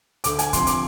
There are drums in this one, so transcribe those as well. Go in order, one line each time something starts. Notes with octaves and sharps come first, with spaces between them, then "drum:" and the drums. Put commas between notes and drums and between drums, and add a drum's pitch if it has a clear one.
D2 D6, drum: hi-hat
G#5, drum: hi-hat
C3 F3 C6, drum: kick, hi-hat
D6, drum: hi-hat